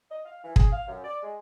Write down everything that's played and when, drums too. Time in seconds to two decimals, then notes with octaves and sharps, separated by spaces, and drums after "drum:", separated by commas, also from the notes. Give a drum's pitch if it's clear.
0.11 D#5
0.25 F5
0.44 E3
0.56 G#4, drum: kick
0.72 F5
0.88 F#2
1.04 D5
1.23 G#3